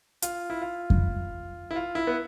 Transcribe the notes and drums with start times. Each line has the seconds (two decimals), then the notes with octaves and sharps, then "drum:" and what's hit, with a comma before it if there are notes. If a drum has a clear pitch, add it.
0.22 F4, drum: hi-hat
0.50 E4
0.61 F4
0.90 drum: kick F2
1.71 E4
1.76 F4
1.95 E4
2.07 B3